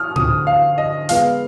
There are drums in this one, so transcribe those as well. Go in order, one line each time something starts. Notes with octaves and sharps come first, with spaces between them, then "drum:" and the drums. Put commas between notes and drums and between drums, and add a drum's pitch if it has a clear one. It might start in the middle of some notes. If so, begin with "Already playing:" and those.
Already playing: D#6 F6
D3 F3 C4 D#6, drum: tom A2
F5
D#5
F3 G#3 B3 F4 B4 F5, drum: hi-hat